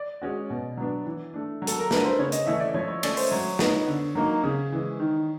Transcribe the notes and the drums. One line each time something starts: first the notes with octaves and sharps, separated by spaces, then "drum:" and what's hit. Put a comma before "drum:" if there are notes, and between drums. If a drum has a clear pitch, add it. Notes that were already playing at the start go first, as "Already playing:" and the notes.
Already playing: D5
G#3 C#4 F#4
B2
F#3 B3 D4
E3
A3 D4
F#3
A4, drum: hi-hat
A#4
A3 D4 F#4 B4, drum: snare
C5
C#3 C#5
D#5, drum: hi-hat
E3 A3 C#4 E5
D5
F3 C#5
C#5
A3 C#4 D5, drum: cymbal
C5, drum: open hi-hat
F#3 C#5
B3 D#4, drum: snare
D3
F#3 A#3 D#4
C#3
E3 G#3
D#3